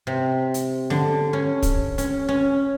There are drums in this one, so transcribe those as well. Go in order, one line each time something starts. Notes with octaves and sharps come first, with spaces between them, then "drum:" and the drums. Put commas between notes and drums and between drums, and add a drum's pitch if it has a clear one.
C3
drum: hi-hat
D3, drum: snare
C#4
drum: kick, hi-hat
C#4, drum: hi-hat
C#4